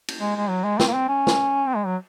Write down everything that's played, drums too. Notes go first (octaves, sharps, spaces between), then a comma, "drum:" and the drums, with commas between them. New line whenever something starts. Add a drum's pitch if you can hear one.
drum: cymbal
G#3
G#3
F#3
G#3
C4, drum: snare
A#3
C4
C#4
drum: snare
C4
G#3
F#3